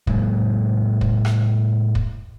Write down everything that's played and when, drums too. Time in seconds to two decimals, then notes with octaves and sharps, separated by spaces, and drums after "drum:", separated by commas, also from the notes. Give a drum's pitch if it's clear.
0.07 A2 F#3 G#3 A#3, drum: kick
1.01 drum: kick
1.25 drum: rim click
1.95 drum: kick